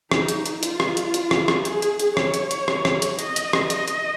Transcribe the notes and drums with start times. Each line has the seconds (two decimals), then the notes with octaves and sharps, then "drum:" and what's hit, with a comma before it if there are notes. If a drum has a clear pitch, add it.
0.11 D#4, drum: rim click
0.28 drum: hi-hat
0.46 drum: hi-hat
0.63 F4, drum: hi-hat
0.80 drum: rim click
0.97 drum: hi-hat
1.14 drum: hi-hat
1.31 drum: rim click
1.48 drum: rim click
1.65 G#4, drum: hi-hat
1.82 drum: hi-hat
1.99 drum: hi-hat
2.17 C#5, drum: rim click
2.34 drum: hi-hat
2.51 drum: hi-hat
2.68 drum: rim click
2.85 drum: rim click
3.02 drum: hi-hat
3.19 D#5, drum: hi-hat
3.36 drum: hi-hat
3.53 drum: rim click
3.70 D#5, drum: hi-hat
3.88 drum: hi-hat